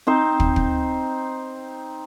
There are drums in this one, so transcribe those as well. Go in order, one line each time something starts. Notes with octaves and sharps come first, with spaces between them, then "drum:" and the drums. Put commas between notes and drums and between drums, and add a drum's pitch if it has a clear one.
C4 D#4 C5
drum: kick
drum: kick